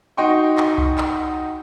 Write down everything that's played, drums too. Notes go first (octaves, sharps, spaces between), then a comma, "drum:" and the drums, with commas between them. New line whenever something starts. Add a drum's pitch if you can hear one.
D#4 F#4 G5 C6 C#6
drum: clap
drum: kick C2
drum: clap